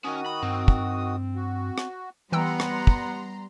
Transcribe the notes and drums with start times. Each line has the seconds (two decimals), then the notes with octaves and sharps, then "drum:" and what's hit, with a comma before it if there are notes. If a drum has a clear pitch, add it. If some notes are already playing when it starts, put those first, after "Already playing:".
0.04 D#3 C#4 F#4 D#6
0.26 B5
0.42 G2 C4
0.68 drum: kick
1.35 F#4
1.78 drum: rim click
2.32 E3 G3 B3 F#5 G5 A#5 C6 E6
2.60 drum: rim click
2.87 drum: kick